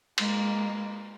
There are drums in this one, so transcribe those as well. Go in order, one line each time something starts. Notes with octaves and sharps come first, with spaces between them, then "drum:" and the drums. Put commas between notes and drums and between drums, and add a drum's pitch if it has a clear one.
G#3 A#3, drum: cymbal